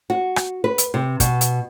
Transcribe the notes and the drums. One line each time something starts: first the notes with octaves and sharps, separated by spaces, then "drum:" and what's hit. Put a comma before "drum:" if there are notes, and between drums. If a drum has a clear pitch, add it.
F#4
drum: rim click
B4
drum: hi-hat
C3
B2, drum: kick, hi-hat
drum: hi-hat